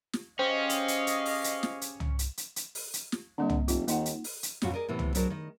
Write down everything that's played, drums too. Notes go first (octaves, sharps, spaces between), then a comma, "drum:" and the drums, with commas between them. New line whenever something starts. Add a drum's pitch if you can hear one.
drum: snare
C#4 G4 G#4 C5 D#5 F5 G5
drum: hi-hat
drum: hi-hat
drum: hi-hat
drum: open hi-hat
drum: hi-hat
drum: snare
drum: hi-hat
drum: tom
drum: hi-hat
drum: hi-hat
drum: hi-hat
drum: open hi-hat
drum: hi-hat
drum: snare
D3 G3 A#3 C4
drum: tom
F1 F4, drum: hi-hat
D#2 A#3 D#4 F#5, drum: hi-hat
drum: hi-hat
drum: open hi-hat
drum: hi-hat
F2 G#2 B2 C#4 F4 F#4, drum: snare
G#4 A#4 D5 D#5
A2 C3 E3 B3 C4
drum: tom
F#3 D4 G#4 A#4 C5 D5, drum: hi-hat
D#3 D#5